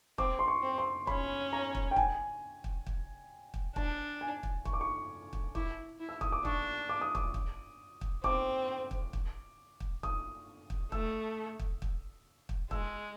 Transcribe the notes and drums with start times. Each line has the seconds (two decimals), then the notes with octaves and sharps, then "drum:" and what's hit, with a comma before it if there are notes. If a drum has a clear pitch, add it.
0.18 C4 D6, drum: kick
0.39 C6
0.48 C#6
0.62 C4
0.78 C6
1.07 C#4 B5, drum: kick
1.53 A#5
1.75 drum: kick
1.91 G5
1.96 G#5, drum: kick
2.64 drum: kick
2.87 drum: kick
3.54 drum: kick
3.76 D4 A5, drum: kick
4.21 G#5
4.43 drum: kick
4.65 C#6, drum: kick
4.73 D6
4.81 C#6
5.33 drum: kick
5.55 E4 D6, drum: kick
6.00 E4
6.09 E6
6.21 D#6, drum: kick
6.32 D6
6.45 D4 C#6, drum: kick
6.89 D6
7.01 D#6
7.15 D6, drum: kick
7.34 drum: kick
8.01 drum: kick
8.24 C4 D6, drum: kick
8.91 drum: kick
9.13 drum: kick
9.80 drum: kick
10.03 D#6, drum: kick
10.70 drum: kick
10.92 A3 E6, drum: kick
11.59 drum: kick
11.82 drum: kick
12.49 drum: kick
12.71 G#3 E6, drum: kick